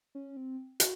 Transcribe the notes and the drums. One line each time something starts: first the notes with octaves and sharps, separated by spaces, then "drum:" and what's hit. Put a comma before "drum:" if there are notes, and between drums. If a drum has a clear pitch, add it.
C#4
C4
F#4, drum: hi-hat